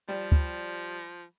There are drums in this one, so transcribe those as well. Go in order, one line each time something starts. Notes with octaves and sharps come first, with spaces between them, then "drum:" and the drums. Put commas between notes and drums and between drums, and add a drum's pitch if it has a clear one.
F3 G3
drum: kick